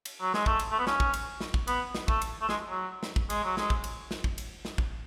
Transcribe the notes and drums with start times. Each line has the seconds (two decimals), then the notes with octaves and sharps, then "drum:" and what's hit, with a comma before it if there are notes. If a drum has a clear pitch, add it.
0.05 drum: cymbal
0.21 F#3
0.34 G#3, drum: snare
0.46 A3, drum: kick
0.59 drum: cymbal
0.71 A3
0.79 B3
0.87 C#4, drum: snare
1.00 drum: kick
1.14 drum: cymbal
1.41 drum: snare
1.54 drum: kick
1.67 B3, drum: cymbal
1.95 drum: snare
2.08 A3, drum: kick
2.22 drum: cymbal
2.41 A3
2.49 G#3, drum: snare
2.69 F#3
3.03 drum: snare
3.16 drum: kick
3.30 G#3, drum: cymbal
3.44 F#3
3.57 G#3, drum: snare
3.70 drum: kick
3.84 drum: cymbal
4.11 drum: snare
4.24 drum: kick
4.38 drum: cymbal
4.65 drum: snare
4.78 drum: kick